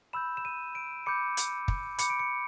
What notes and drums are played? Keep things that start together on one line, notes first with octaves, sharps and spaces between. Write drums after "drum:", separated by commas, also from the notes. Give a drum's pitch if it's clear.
B5 E6 G6 E7
E7
D#7
D7
B5 D6 G6 C#7
drum: hi-hat
drum: kick
B5 D6 G6 C#7, drum: hi-hat
D7
C#7